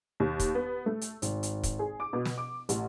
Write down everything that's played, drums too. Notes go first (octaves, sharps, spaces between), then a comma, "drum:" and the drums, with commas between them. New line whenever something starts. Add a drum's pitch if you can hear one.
D#2
drum: kick, hi-hat
B3
A3
drum: hi-hat
G#1, drum: hi-hat
drum: hi-hat
drum: kick, hi-hat
G#4
D6
B2
drum: snare
D6
A1, drum: hi-hat